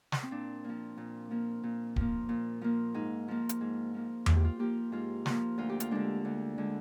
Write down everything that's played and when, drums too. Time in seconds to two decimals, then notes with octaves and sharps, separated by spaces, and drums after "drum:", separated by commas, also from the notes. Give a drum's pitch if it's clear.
0.12 drum: snare
0.23 C4
0.31 A#2 D4
0.64 F3 A#3
0.97 A#2
1.30 F3 A#3
1.63 A#2
1.96 F3 A#3, drum: kick
2.29 A#2
2.61 F3 A#3
2.94 G#2 D#4
3.28 F3 A#3
3.49 drum: hi-hat
3.61 G#2
3.94 F3 A#3
4.26 G#2 F4, drum: tom E2
4.36 G4
4.44 F4
4.59 F3 A#3 G4
4.92 G#2 F4
5.26 F3 A#3, drum: snare
5.58 D2 F4
5.69 G4
5.80 F4, drum: hi-hat
5.91 D3 G#3 D4
6.25 D2
6.58 D3 G#3